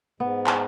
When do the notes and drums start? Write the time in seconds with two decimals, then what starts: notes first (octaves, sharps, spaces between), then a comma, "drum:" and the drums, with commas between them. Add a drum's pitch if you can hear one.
0.20 G#2 B3
0.47 drum: clap